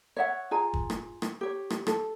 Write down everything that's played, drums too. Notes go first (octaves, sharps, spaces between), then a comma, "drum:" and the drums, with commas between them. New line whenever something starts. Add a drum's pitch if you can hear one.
C#5 E5 F#5
F4 G#4 G#5 A#5
drum: kick
drum: rim click
drum: rim click
G4 C#5
drum: rim click
A4, drum: rim click